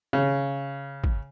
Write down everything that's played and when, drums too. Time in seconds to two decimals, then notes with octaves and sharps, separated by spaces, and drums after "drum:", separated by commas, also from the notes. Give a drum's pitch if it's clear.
0.13 C#3
1.04 drum: kick